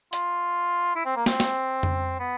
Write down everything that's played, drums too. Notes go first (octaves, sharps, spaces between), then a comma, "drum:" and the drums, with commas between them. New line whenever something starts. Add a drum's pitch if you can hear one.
F4, drum: hi-hat
E4
C4
A#3
C4, drum: snare
drum: snare
drum: tom F2
B3